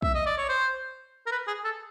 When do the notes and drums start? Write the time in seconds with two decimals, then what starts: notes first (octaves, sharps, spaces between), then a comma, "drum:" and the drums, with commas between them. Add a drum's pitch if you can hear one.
0.02 E5, drum: kick
0.14 D#5
0.26 D5
0.38 C#5
0.49 C5
1.26 A#4
1.31 B4
1.47 G#4
1.64 A4